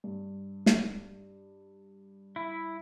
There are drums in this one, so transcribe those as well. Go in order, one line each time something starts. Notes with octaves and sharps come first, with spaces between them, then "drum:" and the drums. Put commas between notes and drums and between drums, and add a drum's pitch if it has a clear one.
G2
drum: snare
E4